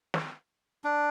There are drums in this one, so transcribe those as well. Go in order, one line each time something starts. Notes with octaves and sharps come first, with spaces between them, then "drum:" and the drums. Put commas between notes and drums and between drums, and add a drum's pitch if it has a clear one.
drum: snare
D4